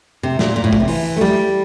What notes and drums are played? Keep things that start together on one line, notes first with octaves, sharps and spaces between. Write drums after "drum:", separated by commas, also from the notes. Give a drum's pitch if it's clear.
C3
A#2, drum: snare
A#2
A2
A#2, drum: kick
C3
E3, drum: open hi-hat
A3
G3